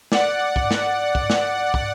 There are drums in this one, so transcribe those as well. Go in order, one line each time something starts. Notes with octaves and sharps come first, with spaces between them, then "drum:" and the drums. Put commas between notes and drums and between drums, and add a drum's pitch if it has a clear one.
D5 F#5, drum: snare
drum: kick
drum: snare
drum: kick
drum: snare
drum: kick